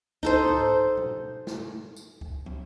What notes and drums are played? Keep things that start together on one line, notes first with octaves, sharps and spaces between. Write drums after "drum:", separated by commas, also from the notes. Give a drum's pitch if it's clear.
D#4 A4 C5, drum: kick C#2
drum: tom G#2
drum: tom A#2
drum: snare
drum: tambourine
drum: kick C#2
drum: tom